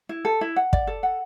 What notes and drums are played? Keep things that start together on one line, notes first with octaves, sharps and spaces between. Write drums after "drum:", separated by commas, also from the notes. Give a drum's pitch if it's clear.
E4
A4
E4
F#5
D5, drum: kick
A4
F#5